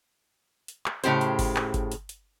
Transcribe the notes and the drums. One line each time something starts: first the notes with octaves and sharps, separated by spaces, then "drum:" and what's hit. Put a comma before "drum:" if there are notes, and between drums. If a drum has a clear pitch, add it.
drum: hi-hat
drum: clap
A2 C#3 G4 C5, drum: hi-hat
drum: hi-hat
drum: kick G1, open hi-hat
drum: clap
drum: kick G1, hi-hat
drum: hi-hat
drum: hi-hat